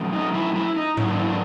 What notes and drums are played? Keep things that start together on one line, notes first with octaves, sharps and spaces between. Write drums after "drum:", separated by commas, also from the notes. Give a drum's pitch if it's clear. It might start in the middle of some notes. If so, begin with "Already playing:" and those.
Already playing: B2 F#3 A3 C#4
D#4
E4
E4
D#4
C#3 F#3 A#3 C#4 E4, drum: tom G#2
D4
E4
D4